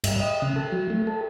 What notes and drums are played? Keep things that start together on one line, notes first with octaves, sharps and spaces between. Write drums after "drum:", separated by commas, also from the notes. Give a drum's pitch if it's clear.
G2, drum: cymbal
D#5
C#3
A4
F#3
A3
A4